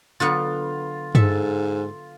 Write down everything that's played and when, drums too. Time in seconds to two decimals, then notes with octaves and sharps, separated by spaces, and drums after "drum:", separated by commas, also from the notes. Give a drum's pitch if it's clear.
0.20 D3 F#3 B3 F4
1.15 G#2 A4 E5, drum: tom G2